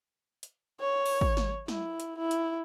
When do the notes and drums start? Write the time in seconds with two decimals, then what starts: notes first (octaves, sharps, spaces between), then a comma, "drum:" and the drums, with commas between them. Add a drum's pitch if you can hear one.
0.43 drum: hi-hat
0.80 C#5
1.06 drum: open hi-hat
1.21 drum: kick
1.37 drum: snare
1.68 E4, drum: snare
2.00 drum: hi-hat
2.18 E4
2.31 drum: hi-hat